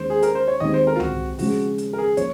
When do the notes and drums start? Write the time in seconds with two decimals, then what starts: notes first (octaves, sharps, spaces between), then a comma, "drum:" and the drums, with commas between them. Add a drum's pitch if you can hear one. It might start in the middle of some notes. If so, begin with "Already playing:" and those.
Already playing: D#2 D#3 G#3 C#4 C5
0.10 G#4
0.23 A#4, drum: hi-hat
0.35 C5
0.48 C#5
0.60 D#2 D#3 G#3 C4 D#5
0.74 C5
0.87 A#4
0.96 F4
1.00 F#4, drum: tom C2
1.39 C#3 F3 G#3 F#4, drum: open hi-hat
1.78 drum: hi-hat
1.93 A#4
1.98 G#4
2.17 F3 A#3 C#5, drum: hi-hat